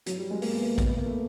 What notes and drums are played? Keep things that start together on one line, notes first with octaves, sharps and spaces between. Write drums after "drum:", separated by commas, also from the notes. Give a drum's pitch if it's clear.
F#3, drum: hi-hat
G3
G#3
A#3, drum: open hi-hat
B3
A#3
B3, drum: kick A1, hi-hat
B3
A#3
A3